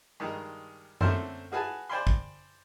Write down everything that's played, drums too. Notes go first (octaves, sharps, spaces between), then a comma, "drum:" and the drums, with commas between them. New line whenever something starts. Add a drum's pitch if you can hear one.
G2 D#3 G#3
D3 A3 C4 C#4 A#4 C5, drum: tom F#2
F#4 G#4 B4 G#5 A5
C5 D5 G5 G#5 B5 C6
drum: kick